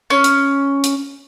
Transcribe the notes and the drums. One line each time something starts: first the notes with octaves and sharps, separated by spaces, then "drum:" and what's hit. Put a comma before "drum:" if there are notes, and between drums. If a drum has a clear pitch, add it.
C#4, drum: tambourine
drum: hi-hat
drum: hi-hat